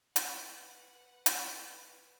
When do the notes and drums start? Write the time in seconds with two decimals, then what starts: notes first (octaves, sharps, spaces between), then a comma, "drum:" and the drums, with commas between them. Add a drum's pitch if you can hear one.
0.16 B4 F#5, drum: hi-hat
1.26 drum: hi-hat